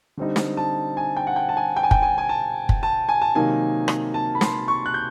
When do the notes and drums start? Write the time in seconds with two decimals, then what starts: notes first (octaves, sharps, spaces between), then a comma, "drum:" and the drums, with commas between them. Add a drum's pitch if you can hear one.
0.18 D3 G3 C4 D#4
0.36 drum: snare
0.57 A5
0.97 G#5
1.17 G5
1.27 F#5
1.36 G5
1.49 A5
1.57 G#5
1.76 G5
1.83 G#5
1.91 G5, drum: kick
2.02 G#5
2.18 G#5
2.29 A5
2.69 drum: kick
2.83 A5
3.09 G#5
3.22 A5
3.35 C3 D#3 F#3 A#3 D#4 G#5
3.88 drum: rim click
4.14 A5
4.35 B5
4.41 C6, drum: snare
4.68 C#6
4.86 F#6
4.94 G6